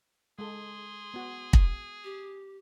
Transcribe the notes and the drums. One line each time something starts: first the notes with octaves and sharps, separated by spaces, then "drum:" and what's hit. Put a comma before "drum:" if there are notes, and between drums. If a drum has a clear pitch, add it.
G#3 G#4 A4 C6
B3 F#4
drum: kick
G4